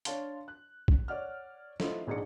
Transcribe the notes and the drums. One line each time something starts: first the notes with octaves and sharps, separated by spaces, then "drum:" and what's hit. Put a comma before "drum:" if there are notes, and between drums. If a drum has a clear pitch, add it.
D4 C#5 F5 A5 C6, drum: hi-hat
F#6
drum: kick
C#5 D5 F#5 F6
A3 E4 F4 A4 C5 D#5, drum: snare
A#1 G#2 G#4 D5 C#7